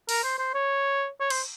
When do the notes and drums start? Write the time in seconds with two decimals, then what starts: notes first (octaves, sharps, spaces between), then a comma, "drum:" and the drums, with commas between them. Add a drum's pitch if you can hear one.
0.09 A#4, drum: open hi-hat
0.24 C5
0.39 C5
0.54 C#5
1.20 C#5
1.30 C5, drum: cymbal